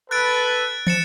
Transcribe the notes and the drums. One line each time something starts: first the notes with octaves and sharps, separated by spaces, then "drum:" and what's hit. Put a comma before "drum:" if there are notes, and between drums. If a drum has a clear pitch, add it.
A4 B4 F#6 A6 D7
A6 C#7 E7, drum: tom